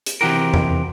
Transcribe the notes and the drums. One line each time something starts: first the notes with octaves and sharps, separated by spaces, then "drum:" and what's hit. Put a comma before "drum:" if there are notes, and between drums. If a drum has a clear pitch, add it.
drum: hi-hat
C3 E3 F#4 G4 A#4
drum: tom E2